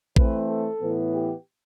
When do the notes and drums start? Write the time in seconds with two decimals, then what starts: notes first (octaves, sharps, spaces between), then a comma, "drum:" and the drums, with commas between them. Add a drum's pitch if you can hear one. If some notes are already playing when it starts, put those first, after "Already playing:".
0.16 E3 A3 C4 B4, drum: kick A1
0.48 A4
0.81 A2 E3 B3
1.13 G4